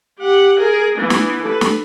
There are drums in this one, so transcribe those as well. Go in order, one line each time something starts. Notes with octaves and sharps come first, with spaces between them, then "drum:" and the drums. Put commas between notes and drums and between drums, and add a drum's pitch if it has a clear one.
G4 F#5
G#4 A#4
E3 B3
drum: snare
A4 B4
drum: snare